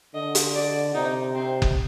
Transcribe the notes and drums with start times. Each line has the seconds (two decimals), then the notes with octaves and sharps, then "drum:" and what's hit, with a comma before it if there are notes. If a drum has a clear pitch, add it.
0.15 D3 D#5
0.35 drum: hi-hat
0.55 D5
0.95 C3 D#4
1.35 C4
1.62 drum: kick F#1